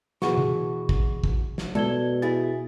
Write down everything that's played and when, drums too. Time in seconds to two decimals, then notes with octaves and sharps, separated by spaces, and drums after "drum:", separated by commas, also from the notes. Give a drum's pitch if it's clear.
0.22 B2 E3 F#4 G#4 C#6, drum: snare
0.38 drum: tom C3
0.89 drum: kick
1.24 drum: kick
1.58 drum: snare
1.75 B2 A4 D5 G#6 G7, drum: tom G#3
2.22 E4 G#4 A6